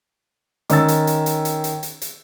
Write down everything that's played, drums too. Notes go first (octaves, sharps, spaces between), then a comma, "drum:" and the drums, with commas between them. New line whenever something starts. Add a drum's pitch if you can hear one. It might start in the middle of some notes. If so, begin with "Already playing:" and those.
D#3 C#4 E6 A6, drum: hi-hat
drum: hi-hat
drum: hi-hat
drum: hi-hat
drum: hi-hat
drum: hi-hat
drum: hi-hat
drum: hi-hat